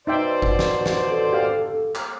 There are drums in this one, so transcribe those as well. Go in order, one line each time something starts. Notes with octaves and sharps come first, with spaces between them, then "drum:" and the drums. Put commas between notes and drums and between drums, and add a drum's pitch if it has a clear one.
B2 D#4 C5 D5 E5 G5
drum: kick G1
drum: snare
drum: snare
A4
G4 F5
drum: clap